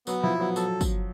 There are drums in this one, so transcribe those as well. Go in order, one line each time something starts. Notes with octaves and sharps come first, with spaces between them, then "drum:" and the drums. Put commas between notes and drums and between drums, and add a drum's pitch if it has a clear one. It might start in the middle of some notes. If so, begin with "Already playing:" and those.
F#3 B3, drum: tambourine
F3 E4
F#3 B3
F#3 A4, drum: tambourine
drum: kick, tambourine